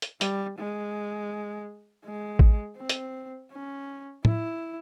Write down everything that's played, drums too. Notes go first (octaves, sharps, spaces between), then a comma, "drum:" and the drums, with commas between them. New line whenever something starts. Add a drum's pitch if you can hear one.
drum: hi-hat
G3, drum: hi-hat
G#3
G#3
drum: kick A1
C4
drum: hi-hat
C#4
E4, drum: tom